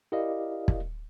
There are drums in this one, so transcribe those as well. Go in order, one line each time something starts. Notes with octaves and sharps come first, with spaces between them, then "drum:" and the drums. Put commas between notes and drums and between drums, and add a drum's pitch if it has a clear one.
E4 G4 A#4 D5 D#5 F5
drum: kick